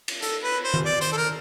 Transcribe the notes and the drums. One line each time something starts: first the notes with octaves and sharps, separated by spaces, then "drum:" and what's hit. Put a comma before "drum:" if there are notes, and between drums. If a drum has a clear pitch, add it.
drum: cymbal
A4, drum: hi-hat
B4
C5
drum: tom D#3
D5
C5, drum: hi-hat
A4
A#4